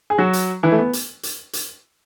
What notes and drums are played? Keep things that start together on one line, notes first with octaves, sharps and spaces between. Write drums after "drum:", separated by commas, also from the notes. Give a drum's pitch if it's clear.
G#4
F#3 F#4
drum: hi-hat
E3 E4
A3
B3
drum: hi-hat
drum: hi-hat
drum: hi-hat